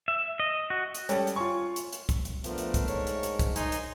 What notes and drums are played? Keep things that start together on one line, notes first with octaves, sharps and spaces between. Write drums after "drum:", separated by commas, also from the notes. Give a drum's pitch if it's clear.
E5
D#5
F#4
drum: hi-hat
G3 C#4 A4 C#5 G5, drum: hi-hat
drum: hi-hat
F4 C#5 G#5 C#6
drum: hi-hat
drum: hi-hat
drum: kick, hi-hat
drum: hi-hat
F3 A3 B3 D4 A#4, drum: hi-hat
drum: hi-hat
drum: kick, hi-hat
G#2 C#5, drum: hi-hat
drum: hi-hat
drum: hi-hat
drum: kick, hi-hat
D#4 G#5 C6, drum: hi-hat
drum: hi-hat